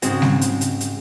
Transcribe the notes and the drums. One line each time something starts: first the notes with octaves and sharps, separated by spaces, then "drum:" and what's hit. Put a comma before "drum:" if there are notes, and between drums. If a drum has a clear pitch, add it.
G#2 C#3 G#3 C4 F#4, drum: hi-hat
drum: snare G3
drum: hi-hat
drum: hi-hat
drum: hi-hat